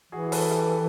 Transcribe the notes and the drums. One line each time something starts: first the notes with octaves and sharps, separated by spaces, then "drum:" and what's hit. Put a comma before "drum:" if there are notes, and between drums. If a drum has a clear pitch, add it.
E3 F#4 G#4
A4 B4, drum: open hi-hat
G4 A4